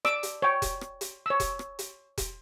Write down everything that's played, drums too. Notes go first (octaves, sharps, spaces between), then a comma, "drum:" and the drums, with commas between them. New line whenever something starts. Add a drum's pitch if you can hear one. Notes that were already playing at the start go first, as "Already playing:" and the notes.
D5 D6 E6, drum: rim click
drum: hi-hat
C#5 G5
drum: kick E1, hi-hat
drum: rim click
drum: hi-hat
C#5 E6
drum: kick E1, hi-hat
drum: rim click
drum: hi-hat
drum: kick E1, hi-hat